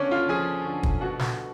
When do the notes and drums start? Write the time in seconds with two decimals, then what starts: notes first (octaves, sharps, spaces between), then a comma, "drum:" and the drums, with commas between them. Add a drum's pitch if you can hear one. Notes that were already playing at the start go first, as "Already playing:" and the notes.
Already playing: D3 B3 C#4 D4 C#5 D5
0.11 F4 F5
0.29 F3 G#4 G#5
0.66 D3
0.83 drum: kick
1.01 B2 F#4 F#5
1.19 drum: snare
1.38 B2